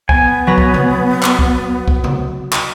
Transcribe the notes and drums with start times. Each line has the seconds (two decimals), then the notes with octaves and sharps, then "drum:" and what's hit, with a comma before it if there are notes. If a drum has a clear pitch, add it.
0.09 B3 G#5, drum: kick
0.47 F#3 B4 A#5
0.58 drum: kick
0.74 drum: tom C3
1.23 drum: clap
1.39 drum: kick
1.88 drum: kick
2.04 drum: tom C3
2.53 drum: clap